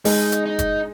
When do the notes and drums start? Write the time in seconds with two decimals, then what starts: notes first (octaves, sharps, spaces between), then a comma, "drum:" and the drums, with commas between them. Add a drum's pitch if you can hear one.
0.05 G#3 D#4, drum: open hi-hat
0.32 drum: hi-hat
0.46 D#4
0.59 drum: kick, hi-hat